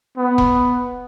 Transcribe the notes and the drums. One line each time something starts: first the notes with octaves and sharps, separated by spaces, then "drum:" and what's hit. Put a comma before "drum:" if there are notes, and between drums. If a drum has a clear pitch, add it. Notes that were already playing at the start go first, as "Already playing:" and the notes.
B3
drum: kick E1